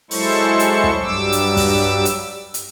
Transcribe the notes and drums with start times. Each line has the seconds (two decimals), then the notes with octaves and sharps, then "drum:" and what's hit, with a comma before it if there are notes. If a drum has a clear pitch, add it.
0.11 F#3 G#3 E4 A4 C5 C#6, drum: open hi-hat
0.59 drum: hi-hat
0.84 drum: kick
1.03 G2 F#3 G3 D6 E6
1.32 drum: hi-hat
1.57 drum: kick, open hi-hat
2.05 drum: hi-hat
2.54 drum: hi-hat